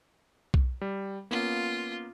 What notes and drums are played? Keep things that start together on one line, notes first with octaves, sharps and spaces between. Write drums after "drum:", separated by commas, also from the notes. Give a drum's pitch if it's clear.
drum: kick B1
G3
A#3 B3 C#4 F4